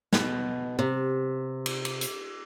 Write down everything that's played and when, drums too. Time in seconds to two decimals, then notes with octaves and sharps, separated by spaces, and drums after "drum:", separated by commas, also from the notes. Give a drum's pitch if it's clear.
0.13 B2, drum: snare
0.79 C3
1.66 drum: cymbal
1.85 drum: cymbal
2.01 drum: hi-hat